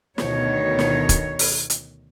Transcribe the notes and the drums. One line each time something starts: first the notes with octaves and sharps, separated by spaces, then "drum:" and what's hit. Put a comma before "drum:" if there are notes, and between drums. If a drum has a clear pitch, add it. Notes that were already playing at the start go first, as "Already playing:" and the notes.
D2 B2 D#3 C#5, drum: snare
drum: snare
drum: kick, hi-hat
drum: open hi-hat
drum: hi-hat